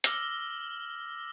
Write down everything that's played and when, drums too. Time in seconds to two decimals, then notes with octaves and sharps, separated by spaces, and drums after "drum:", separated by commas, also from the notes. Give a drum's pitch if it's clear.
0.04 D6 E6 F6 A#6 F#7 G7, drum: hi-hat